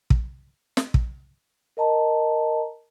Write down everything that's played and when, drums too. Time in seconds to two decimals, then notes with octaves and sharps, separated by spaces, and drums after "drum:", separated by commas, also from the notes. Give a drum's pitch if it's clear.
0.10 drum: kick
0.77 drum: snare
0.94 drum: kick
1.77 A#4 D#5 A5 A#5